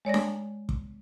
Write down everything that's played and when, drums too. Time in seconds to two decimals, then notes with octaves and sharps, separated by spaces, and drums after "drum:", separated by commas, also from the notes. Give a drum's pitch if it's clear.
0.05 G#3 C#5 D5 A#6
0.14 drum: snare D4
0.69 drum: kick